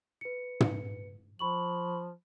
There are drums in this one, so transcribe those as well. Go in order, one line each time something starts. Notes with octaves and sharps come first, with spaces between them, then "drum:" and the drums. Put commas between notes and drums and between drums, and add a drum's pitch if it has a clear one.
B4 C#7
drum: tom
F3 B5 C#6 F#7